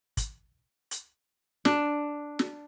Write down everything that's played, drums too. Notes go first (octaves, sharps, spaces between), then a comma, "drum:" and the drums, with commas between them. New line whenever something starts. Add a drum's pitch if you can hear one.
drum: kick, hi-hat
drum: hi-hat
D4, drum: snare
drum: snare